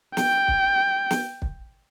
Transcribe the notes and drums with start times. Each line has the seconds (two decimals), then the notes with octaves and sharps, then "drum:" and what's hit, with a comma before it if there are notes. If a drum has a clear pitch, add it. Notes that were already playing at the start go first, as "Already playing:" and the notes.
0.17 G5, drum: snare
0.48 drum: kick
1.11 drum: snare
1.42 drum: kick